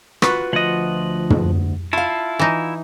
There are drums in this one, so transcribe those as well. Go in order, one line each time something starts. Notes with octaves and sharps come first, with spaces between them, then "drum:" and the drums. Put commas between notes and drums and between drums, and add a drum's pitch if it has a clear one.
F4 F#4 B4, drum: rim click
D2 F3 D#5 F#5
drum: tom
E4 F4 F5 A5
E3 D#4